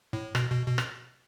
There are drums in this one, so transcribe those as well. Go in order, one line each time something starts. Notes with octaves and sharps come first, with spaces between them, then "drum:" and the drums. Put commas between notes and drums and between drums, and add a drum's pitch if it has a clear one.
A2
B2, drum: rim click
B2
B2
drum: rim click